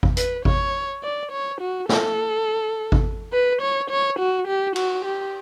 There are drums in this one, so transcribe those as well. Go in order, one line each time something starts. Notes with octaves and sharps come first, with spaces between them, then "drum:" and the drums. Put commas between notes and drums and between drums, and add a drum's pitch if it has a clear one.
drum: kick G#1
B4, drum: hi-hat
C#5, drum: kick G#1
D5
C#5
F#4
A4, drum: snare
drum: kick G#1
B4
C#5
C#5
F#4
G4
F#4, drum: cymbal
G4